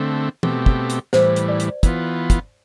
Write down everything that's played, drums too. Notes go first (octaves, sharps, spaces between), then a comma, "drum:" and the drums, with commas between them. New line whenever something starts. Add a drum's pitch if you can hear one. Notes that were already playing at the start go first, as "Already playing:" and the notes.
Already playing: D3 A3 C4
B2 A3 C4 G4, drum: tom
drum: kick
drum: hi-hat
A2 E3 G3 C5, drum: snare
drum: hi-hat
D5
drum: hi-hat
E3 B3 F4, drum: kick, hi-hat
drum: kick, hi-hat